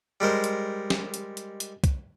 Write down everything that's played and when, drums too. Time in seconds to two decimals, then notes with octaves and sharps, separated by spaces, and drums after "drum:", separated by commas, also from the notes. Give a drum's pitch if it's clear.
0.20 G3 G#3 A#4 C5
0.44 drum: hi-hat
0.90 drum: snare
1.14 drum: hi-hat
1.37 drum: hi-hat
1.60 drum: hi-hat
1.84 drum: kick, hi-hat